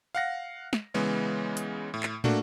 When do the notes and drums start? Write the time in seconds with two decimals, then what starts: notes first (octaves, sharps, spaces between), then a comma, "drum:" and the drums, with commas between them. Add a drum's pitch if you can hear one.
0.15 F5 F#5 A#6
0.73 drum: snare
0.94 C#3 E3 G#3 B3
1.57 drum: hi-hat
1.94 A2
2.03 drum: clap
2.24 A3 A#3 D4 F#4, drum: tom